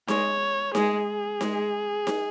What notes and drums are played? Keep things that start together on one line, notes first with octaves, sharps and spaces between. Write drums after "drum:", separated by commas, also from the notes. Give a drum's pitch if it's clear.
G#3 C#5, drum: snare D#4
G#3 G#4, drum: snare D#4
G#3, drum: snare D#4
drum: snare D#4